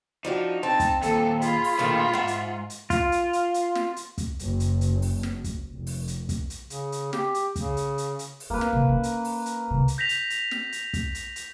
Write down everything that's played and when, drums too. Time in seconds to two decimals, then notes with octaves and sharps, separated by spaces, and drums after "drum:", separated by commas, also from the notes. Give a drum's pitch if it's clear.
0.25 F3 D4 D#4 F#4
0.63 C4 A5
0.80 drum: kick, hi-hat
1.02 D#2 A#2 A4, drum: hi-hat
1.42 F4 G#4 B5, drum: hi-hat
1.64 drum: open hi-hat
1.79 A#2 D#3 A3 B4 F5
2.14 G#2 E5 F#5
2.27 drum: hi-hat
2.70 drum: hi-hat
2.90 F4, drum: kick, hi-hat
3.12 drum: hi-hat
3.33 drum: hi-hat
3.54 drum: hi-hat
3.75 drum: snare
3.96 drum: hi-hat
4.18 drum: kick, hi-hat
4.39 F#1, drum: hi-hat
4.60 drum: hi-hat
4.81 drum: hi-hat
5.02 drum: open hi-hat
5.23 drum: snare
5.44 drum: kick, hi-hat
5.72 F1
5.87 drum: open hi-hat
6.08 drum: hi-hat
6.29 drum: kick, hi-hat
6.50 drum: hi-hat
6.70 C#3, drum: hi-hat
6.92 drum: hi-hat
7.13 G4, drum: snare
7.34 drum: hi-hat
7.56 C#3, drum: kick, hi-hat
7.77 drum: hi-hat
7.98 drum: hi-hat
8.19 drum: hi-hat
8.40 drum: open hi-hat
8.50 G#3 A#3 B4
8.61 drum: snare
8.73 C3
8.89 C#4
9.03 drum: hi-hat
9.25 drum: open hi-hat
9.46 drum: hi-hat
9.71 C#2 C3
9.88 drum: hi-hat
9.98 G6 A#6 B6 F7
10.09 drum: hi-hat
10.30 drum: hi-hat
10.51 drum: snare
10.72 drum: hi-hat
10.94 drum: kick, hi-hat
11.15 drum: hi-hat
11.36 drum: hi-hat